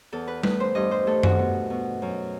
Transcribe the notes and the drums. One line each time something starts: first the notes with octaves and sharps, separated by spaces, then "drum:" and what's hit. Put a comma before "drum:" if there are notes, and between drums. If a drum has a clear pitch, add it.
E2 A4
B4
A3 B4, drum: tom G3
C5
G2 D#5
C5
A3 A4
F#4, drum: tom F#2
B2
B2
F#2